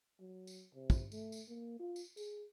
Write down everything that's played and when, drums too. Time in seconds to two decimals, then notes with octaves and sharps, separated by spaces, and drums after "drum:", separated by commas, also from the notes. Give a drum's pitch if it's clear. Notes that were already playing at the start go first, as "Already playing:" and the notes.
0.20 F#3
0.47 drum: tambourine
0.75 C3
0.90 drum: kick, tambourine
1.12 A3, drum: tambourine
1.32 drum: tambourine
1.48 A#3
1.79 F4
1.96 drum: tambourine
2.17 G#4, drum: tambourine